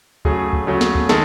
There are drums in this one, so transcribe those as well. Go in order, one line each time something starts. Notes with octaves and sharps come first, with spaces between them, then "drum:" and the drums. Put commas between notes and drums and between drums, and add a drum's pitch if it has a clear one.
C#3 F#3 A3 G#4, drum: kick D2
drum: kick D2
C#3 F#3 A3
drum: snare
drum: kick D2
D#3 G#3 A4, drum: snare